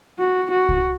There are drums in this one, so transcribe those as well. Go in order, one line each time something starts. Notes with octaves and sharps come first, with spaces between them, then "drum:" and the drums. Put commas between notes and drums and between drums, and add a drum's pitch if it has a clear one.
F#4
F#4
drum: kick C2